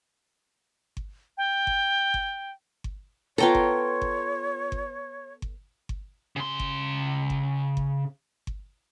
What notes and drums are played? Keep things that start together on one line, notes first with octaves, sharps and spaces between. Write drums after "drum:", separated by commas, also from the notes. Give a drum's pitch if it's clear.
drum: kick G1
G5
drum: kick G1
drum: kick G1
drum: kick G1
B3 F4 A4 C#5 G5 A#5
drum: kick G1
drum: kick G1
drum: kick G1
drum: kick G1
drum: kick G1
C#3 C6
drum: kick G1
drum: kick G1
drum: kick G1
drum: kick G1